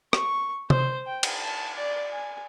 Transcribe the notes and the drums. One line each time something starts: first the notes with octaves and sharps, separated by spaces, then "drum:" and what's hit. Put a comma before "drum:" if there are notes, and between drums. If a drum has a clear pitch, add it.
C#6, drum: rim click
C5, drum: tom C3
G5
drum: cymbal
A5
D5
G#5